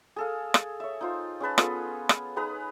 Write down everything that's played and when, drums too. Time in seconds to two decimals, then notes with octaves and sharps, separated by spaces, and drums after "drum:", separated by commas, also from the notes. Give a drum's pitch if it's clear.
0.16 G#4 A4 F5
0.54 drum: rim click
0.80 C#5 E5
1.01 D#4 F4 C5
1.40 C#4 G#4 B4 A5
1.58 B3 F4 G#4 A4, drum: rim click
2.09 drum: rim click
2.36 D#4 G#4 B4 A#5